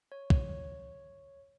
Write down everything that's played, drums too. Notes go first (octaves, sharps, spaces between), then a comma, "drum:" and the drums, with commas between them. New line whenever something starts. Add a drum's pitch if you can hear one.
C#5
C#5, drum: kick